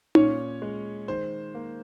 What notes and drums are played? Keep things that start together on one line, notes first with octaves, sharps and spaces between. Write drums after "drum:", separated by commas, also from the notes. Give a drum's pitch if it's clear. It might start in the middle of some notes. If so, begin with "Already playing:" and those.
A#2 C#4 C#5, drum: tom D#4
G#3
D#3 C5
A#3